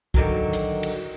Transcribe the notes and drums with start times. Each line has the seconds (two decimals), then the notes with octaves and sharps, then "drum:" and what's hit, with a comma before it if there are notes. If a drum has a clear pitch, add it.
0.14 D3 D#3 F#3, drum: kick B1
0.53 drum: hi-hat
0.83 drum: cymbal